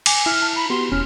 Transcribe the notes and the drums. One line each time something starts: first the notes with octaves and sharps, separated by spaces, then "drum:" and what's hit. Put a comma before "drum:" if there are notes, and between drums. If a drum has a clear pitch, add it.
G#5 D6, drum: cymbal
E4 F6
A5
A#5 B5
B3 F#4 G4 C6
E1 C#4 F6